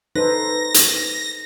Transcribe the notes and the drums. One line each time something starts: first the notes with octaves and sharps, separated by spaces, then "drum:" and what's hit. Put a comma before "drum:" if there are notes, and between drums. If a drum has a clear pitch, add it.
D#4 A4 B4 C5 A#6
drum: hi-hat